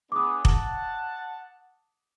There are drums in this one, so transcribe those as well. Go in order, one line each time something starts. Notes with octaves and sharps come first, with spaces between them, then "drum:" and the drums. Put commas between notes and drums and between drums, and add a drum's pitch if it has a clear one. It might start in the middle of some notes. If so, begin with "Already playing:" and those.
B3 D4 G#4 D6 D#6
F#5 A5, drum: kick F1